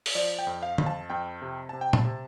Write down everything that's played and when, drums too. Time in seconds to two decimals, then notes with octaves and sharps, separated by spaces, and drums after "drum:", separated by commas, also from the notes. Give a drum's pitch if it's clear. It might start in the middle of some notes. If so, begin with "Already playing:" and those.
0.06 drum: open hi-hat
0.15 F3 D5
0.39 G5
0.47 F2
0.63 F5
0.78 F2, drum: tom
0.86 A5
1.10 F2 G5
1.42 C3
1.69 C3 A5
1.81 G5
1.93 A5, drum: tom
2.05 C3